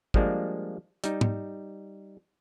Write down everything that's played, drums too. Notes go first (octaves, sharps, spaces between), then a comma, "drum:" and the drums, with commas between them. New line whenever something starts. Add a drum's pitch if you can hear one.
F3 G3 G#3 A#3 D4, drum: kick
G3 D#4, drum: hi-hat
drum: tom G#2